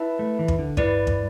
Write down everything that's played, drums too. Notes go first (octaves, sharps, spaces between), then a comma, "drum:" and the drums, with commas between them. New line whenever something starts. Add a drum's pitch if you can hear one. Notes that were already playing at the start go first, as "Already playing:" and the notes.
Already playing: E4 B4 E5 A5
A3
E3
drum: kick
D3
G2 E4 B4 D5, drum: kick
drum: kick